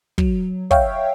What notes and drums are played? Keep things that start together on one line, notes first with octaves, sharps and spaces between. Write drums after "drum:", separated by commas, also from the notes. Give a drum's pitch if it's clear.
F#3, drum: kick
C#5 E5 F5 G5, drum: kick